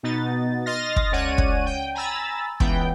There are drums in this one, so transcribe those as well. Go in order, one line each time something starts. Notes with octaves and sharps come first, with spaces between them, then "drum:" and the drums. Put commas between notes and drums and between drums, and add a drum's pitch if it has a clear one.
B2 B3 D#4 A6
D#5 C6 F6 A6 A#6
drum: kick
C#2 C#4 C#5 D5 F#5 D#7
drum: kick
G5
G#5 A#5 B5 E6 A6
C#2 E3 B3 G5, drum: kick